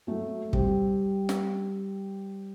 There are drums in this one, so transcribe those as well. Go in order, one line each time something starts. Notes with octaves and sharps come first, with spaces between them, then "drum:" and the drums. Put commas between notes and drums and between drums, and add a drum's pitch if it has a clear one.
F#3 A3
G3 C4, drum: kick
drum: snare